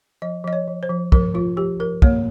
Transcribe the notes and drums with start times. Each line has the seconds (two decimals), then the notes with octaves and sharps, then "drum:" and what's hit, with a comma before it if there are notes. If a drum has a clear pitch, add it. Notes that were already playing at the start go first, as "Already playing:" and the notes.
0.22 F3 D#5
0.44 F3 D#5
0.53 C#5
0.68 F3
0.83 C5
0.90 F3
1.12 F3 A#4, drum: kick
1.35 F3 F4
1.57 F3 G4
1.80 F3 A#4
2.02 A#3 C#5, drum: kick